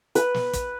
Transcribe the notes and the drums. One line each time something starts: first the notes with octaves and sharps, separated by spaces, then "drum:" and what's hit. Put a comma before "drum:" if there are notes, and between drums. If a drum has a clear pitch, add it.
B4, drum: hi-hat
drum: snare
drum: kick, hi-hat